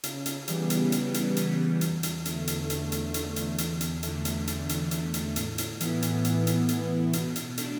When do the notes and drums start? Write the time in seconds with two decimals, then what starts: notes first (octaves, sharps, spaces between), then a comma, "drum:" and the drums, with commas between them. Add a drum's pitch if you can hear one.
0.03 C#3, drum: hi-hat
0.26 drum: hi-hat
0.48 E3 G3 B3, drum: hi-hat
0.70 drum: hi-hat
0.92 C#3, drum: hi-hat
1.14 drum: hi-hat
1.37 E3 G3 B3, drum: hi-hat
1.81 E2, drum: hi-hat
2.03 drum: hi-hat
2.25 D3 A3, drum: hi-hat
2.47 drum: hi-hat
2.70 E2, drum: hi-hat
2.92 drum: hi-hat
3.14 D3 A3, drum: hi-hat
3.36 drum: hi-hat
3.58 E2, drum: hi-hat
3.81 drum: hi-hat
4.03 D3 A3, drum: hi-hat
4.25 drum: hi-hat
4.47 E2, drum: hi-hat
4.69 drum: hi-hat
4.91 D3 A3, drum: hi-hat
5.14 drum: hi-hat
5.36 A2, drum: hi-hat
5.58 drum: hi-hat
5.80 E3 B3 E4, drum: hi-hat
6.02 drum: hi-hat
6.25 A2, drum: hi-hat
6.47 drum: hi-hat
6.69 E3 B3 E4, drum: hi-hat
7.13 B2, drum: hi-hat
7.36 drum: hi-hat
7.58 A3 D4, drum: hi-hat